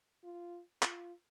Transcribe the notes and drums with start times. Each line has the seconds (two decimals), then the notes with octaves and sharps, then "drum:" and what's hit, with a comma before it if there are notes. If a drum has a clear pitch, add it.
0.24 F4
0.83 F4, drum: clap